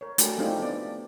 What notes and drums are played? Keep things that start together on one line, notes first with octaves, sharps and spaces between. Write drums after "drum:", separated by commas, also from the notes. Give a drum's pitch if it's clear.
A#4 C#5
A3 D4 F#4 G4 A#4 G#5, drum: hi-hat
A3 C4 D4 D#4 F4 G4
B3 D5